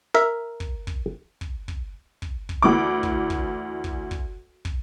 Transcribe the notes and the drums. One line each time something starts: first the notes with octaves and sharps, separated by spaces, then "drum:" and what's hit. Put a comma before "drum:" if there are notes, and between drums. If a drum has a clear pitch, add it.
A#4 E5
drum: kick
drum: kick
drum: kick
drum: kick
drum: kick
drum: kick
D2 E3 D6
drum: kick
drum: kick
drum: kick
drum: kick
drum: kick